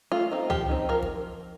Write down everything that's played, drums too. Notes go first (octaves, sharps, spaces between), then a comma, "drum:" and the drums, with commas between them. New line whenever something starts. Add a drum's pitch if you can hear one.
A3 F4
C4 D#4
F3 G4, drum: tom C#2
C4 D#4
F3 A#4
drum: kick